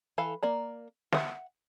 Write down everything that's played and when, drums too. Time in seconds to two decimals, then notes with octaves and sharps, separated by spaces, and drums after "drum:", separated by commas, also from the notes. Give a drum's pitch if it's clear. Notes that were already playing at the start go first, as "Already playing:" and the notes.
0.18 E3 A4 F5 B5
0.43 A#3 D5 A#5
1.12 E5 F#5, drum: snare